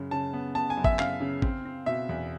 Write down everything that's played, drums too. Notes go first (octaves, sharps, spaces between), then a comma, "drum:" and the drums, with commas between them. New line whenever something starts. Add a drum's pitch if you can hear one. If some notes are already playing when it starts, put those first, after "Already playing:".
Already playing: F#2 C#3
C#3 A5
B3
B3 A5
G#5
F#2
E5, drum: kick G#1
C#3 F5, drum: clap
C#3
C4, drum: kick G#1
C4
B2 E5
E2